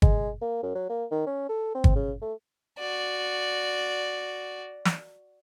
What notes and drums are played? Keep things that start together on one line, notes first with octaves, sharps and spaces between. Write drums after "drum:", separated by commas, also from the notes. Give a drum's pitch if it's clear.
G#3, drum: kick
A#3
F#2
F#3
A#3
D#3
C#4
A4
C4
drum: kick
C#3
A3
F#4 D5
drum: snare